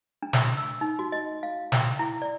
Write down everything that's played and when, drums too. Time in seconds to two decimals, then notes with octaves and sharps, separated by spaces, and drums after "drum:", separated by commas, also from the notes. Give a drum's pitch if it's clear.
0.22 D4
0.33 drum: snare
0.57 E6
0.81 D#4
0.99 F#4
1.12 D#5
1.43 F5
1.72 G5, drum: snare
1.99 E4
2.22 D5